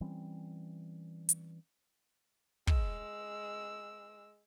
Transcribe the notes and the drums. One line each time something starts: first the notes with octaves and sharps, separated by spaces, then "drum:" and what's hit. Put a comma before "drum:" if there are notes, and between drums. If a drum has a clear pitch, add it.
E3 G3 C4 C#4
drum: hi-hat
G#3 E6, drum: kick